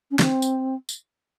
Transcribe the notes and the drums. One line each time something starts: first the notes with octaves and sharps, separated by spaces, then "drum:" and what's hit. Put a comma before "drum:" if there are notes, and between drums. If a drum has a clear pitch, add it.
C#4
C4, drum: snare
drum: tambourine
drum: tambourine